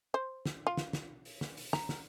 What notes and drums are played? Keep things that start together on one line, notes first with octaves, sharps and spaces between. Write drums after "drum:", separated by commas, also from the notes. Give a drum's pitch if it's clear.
C5
drum: snare
F4
drum: snare
drum: snare
drum: open hi-hat
drum: snare
drum: open hi-hat
A#5, drum: snare
drum: snare